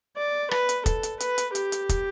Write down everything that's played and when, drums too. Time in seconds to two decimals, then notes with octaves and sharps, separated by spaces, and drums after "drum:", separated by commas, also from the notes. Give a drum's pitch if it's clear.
0.17 D5
0.51 B4, drum: rim click
0.69 drum: hi-hat
0.86 A4, drum: kick, hi-hat
1.03 drum: hi-hat
1.20 B4, drum: hi-hat
1.38 drum: hi-hat
1.55 G4, drum: hi-hat
1.72 drum: hi-hat
1.89 drum: kick, hi-hat